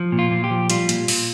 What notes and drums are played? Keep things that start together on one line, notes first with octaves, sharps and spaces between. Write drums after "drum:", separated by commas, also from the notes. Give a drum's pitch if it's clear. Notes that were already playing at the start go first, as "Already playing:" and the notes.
Already playing: F3
A#2
F4
A#2
G4
F3
G3 F4, drum: hi-hat
A#2, drum: hi-hat
A#2, drum: open hi-hat